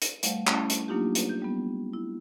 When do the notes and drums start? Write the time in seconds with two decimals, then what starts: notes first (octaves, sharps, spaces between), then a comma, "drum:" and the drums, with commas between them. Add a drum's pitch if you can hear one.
0.02 drum: hi-hat
0.23 G3 A3 F5 F#5, drum: hi-hat
0.47 A3 C#4 E4 A5, drum: clap
0.70 drum: hi-hat
0.88 F#3 A#3 D4 D#4 F4 G4
1.15 drum: hi-hat
1.29 G6
1.42 G3 B3
1.93 E4